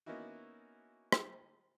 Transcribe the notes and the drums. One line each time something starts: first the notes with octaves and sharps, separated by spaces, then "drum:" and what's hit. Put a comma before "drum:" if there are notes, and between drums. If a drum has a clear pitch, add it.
A#3 B3 C#4 D#4 E4 F#4
drum: rim click